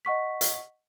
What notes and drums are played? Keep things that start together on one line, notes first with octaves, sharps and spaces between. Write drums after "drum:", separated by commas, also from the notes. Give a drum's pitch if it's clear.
D#5 F#5 C#6 B6
drum: hi-hat